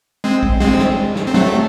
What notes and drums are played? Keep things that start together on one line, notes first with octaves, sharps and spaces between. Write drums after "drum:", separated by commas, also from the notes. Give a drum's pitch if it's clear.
G#3 C4
drum: kick A#1
G#3 C4, drum: snare
drum: snare
drum: snare
C4
F#3 A3, drum: snare